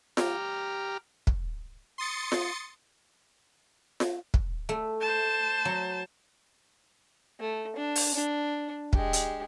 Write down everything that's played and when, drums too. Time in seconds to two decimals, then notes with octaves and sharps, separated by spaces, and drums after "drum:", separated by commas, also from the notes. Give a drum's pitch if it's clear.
0.17 G4 A#5 D6 F6, drum: snare F4
1.27 drum: kick
1.98 C6 D#6 A6 C#7
2.32 drum: snare F4
4.00 drum: snare F4
4.34 drum: kick
4.69 A3
5.01 C5 A5
5.65 F#3
7.40 A3
7.76 D4
7.96 drum: open hi-hat
8.14 D4
8.93 G#3 G4, drum: kick
9.13 drum: hi-hat